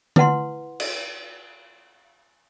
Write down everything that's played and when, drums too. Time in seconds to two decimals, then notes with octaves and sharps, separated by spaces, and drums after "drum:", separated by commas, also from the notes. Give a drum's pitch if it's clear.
0.16 E4 B4 F#5 C6, drum: tom D3
0.80 drum: cymbal